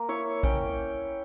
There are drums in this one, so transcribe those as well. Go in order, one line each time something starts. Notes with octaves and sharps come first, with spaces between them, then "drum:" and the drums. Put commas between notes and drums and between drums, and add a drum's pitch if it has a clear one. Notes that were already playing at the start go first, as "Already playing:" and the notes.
Already playing: A#3
E4 C#5
C#4 G5, drum: kick